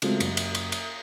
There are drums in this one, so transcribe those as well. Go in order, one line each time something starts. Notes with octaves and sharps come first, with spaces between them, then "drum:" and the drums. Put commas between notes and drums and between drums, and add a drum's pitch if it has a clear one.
C#3 F#3 G#3 A3 C4 F4, drum: cymbal
F#1, drum: cymbal
drum: cymbal
drum: cymbal
drum: cymbal